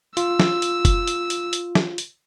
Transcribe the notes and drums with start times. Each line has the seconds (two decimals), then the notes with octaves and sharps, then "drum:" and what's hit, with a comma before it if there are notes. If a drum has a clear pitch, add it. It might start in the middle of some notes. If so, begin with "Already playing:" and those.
0.17 F4 E6, drum: hi-hat
0.40 drum: snare
0.62 drum: hi-hat
0.85 drum: kick F#1, hi-hat
1.07 drum: hi-hat
1.30 drum: hi-hat
1.53 drum: hi-hat
1.75 drum: snare
1.98 drum: hi-hat